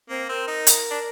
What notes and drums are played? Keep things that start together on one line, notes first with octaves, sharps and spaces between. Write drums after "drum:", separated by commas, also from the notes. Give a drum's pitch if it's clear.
A#3 C4
C4 A#4
D#4
drum: hi-hat
D4